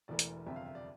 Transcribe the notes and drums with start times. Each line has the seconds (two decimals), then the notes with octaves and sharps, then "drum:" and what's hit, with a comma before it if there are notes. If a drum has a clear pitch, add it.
0.08 E1 E2 E3 A3 D5
0.19 drum: hi-hat
0.46 G1 F2 C3 E5
0.56 F5
0.66 E5
0.75 D5